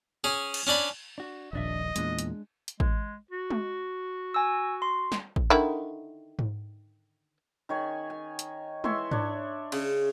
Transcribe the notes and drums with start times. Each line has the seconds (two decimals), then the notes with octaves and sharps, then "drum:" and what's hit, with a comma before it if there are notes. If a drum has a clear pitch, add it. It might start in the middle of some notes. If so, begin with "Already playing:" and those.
0.24 C#4 G#4
0.54 drum: cymbal
0.67 C#4 D4 D5 B5
1.18 D4 F#4
1.53 D#1 A#1 F2 D4 D#5 E5
1.96 E2 A#2 G#3 D4, drum: hi-hat
2.19 drum: hi-hat
2.68 drum: hi-hat
2.80 G#3, drum: kick A1
3.31 F#4
3.50 drum: tom G#3
4.34 G#5 E6
4.82 C6
5.12 drum: snare
5.36 drum: kick A1
5.50 D3 D#3 E4
6.39 drum: tom G#2
7.69 D#3 C#5 G#5
8.10 G#5
8.39 drum: hi-hat
8.84 E3 C#5 E5 C6, drum: tom G#3
9.11 D4 C#5, drum: tom G#2
9.72 C#3, drum: cymbal